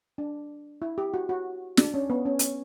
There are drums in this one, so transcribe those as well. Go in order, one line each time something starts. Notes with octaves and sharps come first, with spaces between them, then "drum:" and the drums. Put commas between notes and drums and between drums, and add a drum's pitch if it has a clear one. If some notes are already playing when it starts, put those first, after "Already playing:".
D4
E4
G4
F#4
F#4
D4, drum: snare
C#4
B3
C#4
drum: hi-hat